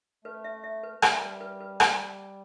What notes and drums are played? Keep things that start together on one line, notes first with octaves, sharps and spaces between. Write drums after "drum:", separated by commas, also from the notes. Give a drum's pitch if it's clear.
A3 B4
E5
E5
B4
G3 E5, drum: rim click
B4
B4
B4
drum: rim click